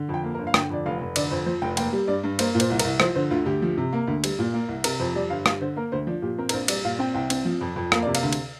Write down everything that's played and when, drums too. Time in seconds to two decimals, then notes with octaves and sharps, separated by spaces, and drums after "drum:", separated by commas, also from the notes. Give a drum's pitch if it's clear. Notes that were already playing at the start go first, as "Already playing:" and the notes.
Already playing: D3
0.09 F2
0.14 G5
0.23 A#3
0.34 A#4
0.39 G1
0.47 F5
0.54 D3 G5, drum: rim click
0.70 F2 D5
0.86 F1 F5
1.01 F1
1.16 D3 D5, drum: cymbal
1.31 F2 C5
1.46 F3 C5
1.62 F1 G5
1.77 A#3 G5, drum: cymbal
1.93 G3
2.08 G2 D5
2.24 G2
2.39 A#3 C5, drum: cymbal
2.55 A#2
2.60 C5, drum: cymbal
2.70 C2
2.79 A#4, drum: cymbal
2.85 C2
3.00 F3 C5, drum: rim click
3.15 D3 C5
3.31 D2 F4
3.46 D2 G4
3.62 F3
3.78 C3
3.93 A#3
4.07 D2
4.24 G3, drum: cymbal
4.39 A#2
4.54 A#3
4.69 C2
4.84 C3 A#4, drum: cymbal
5.00 F2 C5
5.15 G3 D5
5.30 G1 F5
5.46 G3 F5, drum: rim click
5.61 D3 C5
5.76 A#3 A#4
5.92 D2 C5
6.07 F3 D4
6.22 A#2 G4
6.38 C4 A#4
6.49 A#4, drum: cymbal
6.53 A#1 C5
6.68 G3 D5, drum: cymbal
6.84 A#2 F5
6.99 C4 G5
7.14 C2 G5
7.30 C4, drum: cymbal
7.45 F3
7.61 F2
7.76 F2
7.92 A#3 F5, drum: rim click
8.03 C3 D5
8.15 F5, drum: cymbal
8.23 D2
8.33 drum: cymbal